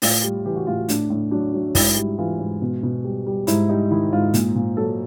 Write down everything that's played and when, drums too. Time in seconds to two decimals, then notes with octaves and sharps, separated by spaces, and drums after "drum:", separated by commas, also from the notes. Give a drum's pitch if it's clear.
0.02 A2 F4, drum: open hi-hat
0.24 G3
0.45 E3 G4
0.56 F#4
0.67 A2 F4
0.78 F#4
0.89 A2 D4, drum: hi-hat
1.10 A2
1.31 F#3 D4
1.53 F#3
1.75 G#2 E4, drum: kick, open hi-hat
1.97 G3
2.18 E3 F4
2.39 G#2
2.62 B2
2.83 B2
3.05 G3
3.26 G3
3.47 G#2 E4, drum: hi-hat
3.69 G3 D#4
3.91 D#3 E4
4.12 G#2 F4
4.34 A#2, drum: hi-hat
4.55 A#2
4.77 F#3 A4